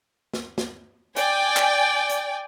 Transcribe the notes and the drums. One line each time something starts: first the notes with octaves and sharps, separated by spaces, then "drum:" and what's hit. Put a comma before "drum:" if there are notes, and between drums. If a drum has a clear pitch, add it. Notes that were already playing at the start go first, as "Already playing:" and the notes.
drum: snare
drum: snare
D5 G5 G#5, drum: hi-hat
drum: clap
drum: hi-hat